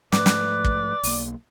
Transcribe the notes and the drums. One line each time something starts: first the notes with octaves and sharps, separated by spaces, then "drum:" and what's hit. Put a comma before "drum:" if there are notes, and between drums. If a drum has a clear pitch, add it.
G#2 F3 A3 B4 D5, drum: snare
drum: snare
drum: kick
B1 A#3, drum: open hi-hat